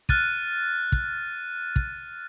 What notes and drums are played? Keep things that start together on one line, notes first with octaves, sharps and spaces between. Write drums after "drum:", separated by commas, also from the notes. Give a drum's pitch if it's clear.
F6 F#6 A6 D#7, drum: kick
drum: kick
drum: kick